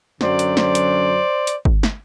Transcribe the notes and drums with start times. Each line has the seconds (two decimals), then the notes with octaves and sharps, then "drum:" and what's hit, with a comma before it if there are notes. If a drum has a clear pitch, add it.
0.21 F#2 D3 F#3 C5 D5, drum: snare
0.39 drum: hi-hat
0.57 C5 D5, drum: snare
0.75 drum: hi-hat
1.47 drum: hi-hat
1.65 drum: kick
1.83 drum: snare